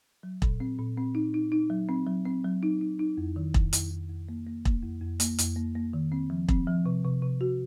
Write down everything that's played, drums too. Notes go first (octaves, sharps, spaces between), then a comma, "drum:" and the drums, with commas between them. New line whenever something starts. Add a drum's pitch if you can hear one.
F#3
A#2, drum: kick E1
C4
A#2
C4
D#4
D#4
D#4
F#3
C4
F#3
C4
F#3
D#4
D#4
D#4
F2
D#3
F2, drum: kick E1
F2, drum: hi-hat
F2
F2
A#3
A#3
A#3, drum: kick E1
F2
F2
A#3, drum: hi-hat
F2, drum: hi-hat
A#3
A#3
D#3
C4
F3
C4, drum: kick E1
F3
C3
C3
C3
F#4